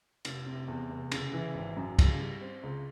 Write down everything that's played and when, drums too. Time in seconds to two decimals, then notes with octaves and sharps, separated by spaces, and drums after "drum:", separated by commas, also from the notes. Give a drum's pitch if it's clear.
0.25 F1, drum: cymbal
0.46 C3
0.68 E2
0.89 F1
1.12 C#3, drum: cymbal
1.33 E3
1.55 G#1
1.76 F#2
1.99 C#2, drum: kick, cymbal
2.20 G3
2.41 C4
2.63 C#2